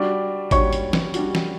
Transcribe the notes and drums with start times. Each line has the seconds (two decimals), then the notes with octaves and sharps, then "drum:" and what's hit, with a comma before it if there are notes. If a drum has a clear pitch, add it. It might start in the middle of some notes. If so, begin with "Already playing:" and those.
Already playing: G3 D4 F#4 D5 D6
0.51 G3 D4 F#4 C#5 C#6, drum: kick G#1, hi-hat
0.73 drum: hi-hat
0.93 drum: snare
1.14 G3 D4 F#4, drum: hi-hat
1.35 drum: snare